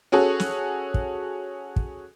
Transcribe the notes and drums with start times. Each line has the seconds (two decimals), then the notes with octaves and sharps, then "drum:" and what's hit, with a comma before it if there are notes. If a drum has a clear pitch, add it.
0.12 C#4 F#4 G#4 A4
0.40 drum: snare
0.94 drum: kick
1.76 drum: kick